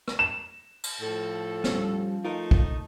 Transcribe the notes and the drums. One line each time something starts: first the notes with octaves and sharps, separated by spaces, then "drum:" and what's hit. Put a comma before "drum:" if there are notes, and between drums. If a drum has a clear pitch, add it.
drum: rim click
E7
drum: cymbal
A2 F3 A4
G3 C#4, drum: snare
A3 D#4 F4 A#4
drum: kick A#1